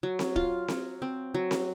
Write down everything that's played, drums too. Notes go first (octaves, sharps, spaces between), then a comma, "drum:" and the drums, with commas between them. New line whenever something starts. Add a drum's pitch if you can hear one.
F#3
drum: snare C4
F4, drum: kick
F#3, drum: snare C4
C4
F#3
drum: snare C4